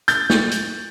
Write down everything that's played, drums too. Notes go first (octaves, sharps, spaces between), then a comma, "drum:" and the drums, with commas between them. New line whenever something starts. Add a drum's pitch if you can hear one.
G6 A6, drum: hi-hat
drum: snare
drum: hi-hat